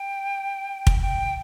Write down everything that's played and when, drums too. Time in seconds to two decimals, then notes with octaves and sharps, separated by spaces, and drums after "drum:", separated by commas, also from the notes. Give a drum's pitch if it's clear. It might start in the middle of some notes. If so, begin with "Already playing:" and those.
Already playing: G5
0.87 drum: kick
1.02 G5